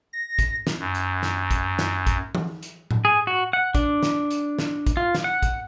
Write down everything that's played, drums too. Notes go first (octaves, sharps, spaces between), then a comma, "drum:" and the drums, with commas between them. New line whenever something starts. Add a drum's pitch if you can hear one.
A#6
drum: kick, hi-hat
drum: snare
F#2
drum: hi-hat
drum: snare
drum: kick, hi-hat
drum: snare
drum: kick, hi-hat
drum: tom E3
drum: hi-hat
drum: tom A2
G#4
F#4
F#5
D4, drum: kick, hi-hat
drum: snare
drum: hi-hat
drum: snare
drum: kick, hi-hat
F4
drum: snare
F#5
drum: kick, hi-hat